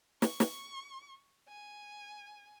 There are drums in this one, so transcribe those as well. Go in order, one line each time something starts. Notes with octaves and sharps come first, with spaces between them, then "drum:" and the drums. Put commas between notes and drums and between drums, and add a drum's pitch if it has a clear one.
C#6, drum: snare
drum: snare
G#5